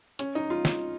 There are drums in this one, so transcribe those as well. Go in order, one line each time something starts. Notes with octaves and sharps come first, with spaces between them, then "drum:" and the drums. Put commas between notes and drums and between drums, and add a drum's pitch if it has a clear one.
C#4, drum: hi-hat
D#4
F4
drum: snare